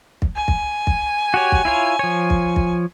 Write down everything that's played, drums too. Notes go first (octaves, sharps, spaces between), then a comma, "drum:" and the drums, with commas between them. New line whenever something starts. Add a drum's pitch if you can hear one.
drum: kick
G#5
drum: kick
drum: kick
F#4 G4 C#5
drum: kick
E4 F4 C#5
F3 C#5
drum: kick
drum: kick